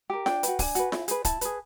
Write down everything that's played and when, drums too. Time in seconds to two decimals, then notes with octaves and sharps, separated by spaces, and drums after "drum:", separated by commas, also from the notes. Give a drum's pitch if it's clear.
0.10 G4 A#4
0.26 D4 G5, drum: snare F4
0.43 F#4 B4, drum: hi-hat
0.59 D4 G#5, drum: kick, open hi-hat
0.75 F#4 B4, drum: hi-hat
0.92 E4, drum: snare F4
1.08 G#4 B4, drum: hi-hat
1.25 E4 A5, drum: kick, hi-hat
1.41 G#4 B4, drum: hi-hat